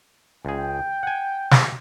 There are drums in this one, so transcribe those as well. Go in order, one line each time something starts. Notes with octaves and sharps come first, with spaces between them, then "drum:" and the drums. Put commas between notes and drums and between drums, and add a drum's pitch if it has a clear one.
C#2 G#4 G5
F#5 G#5
drum: snare